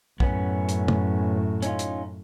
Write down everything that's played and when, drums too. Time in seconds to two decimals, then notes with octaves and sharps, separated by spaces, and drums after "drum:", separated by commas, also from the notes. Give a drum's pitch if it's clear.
0.20 F#2 A2 B3 C#4, drum: kick
0.69 drum: hi-hat
0.88 drum: tom
1.62 C#4 D#4 F4, drum: hi-hat
1.79 drum: hi-hat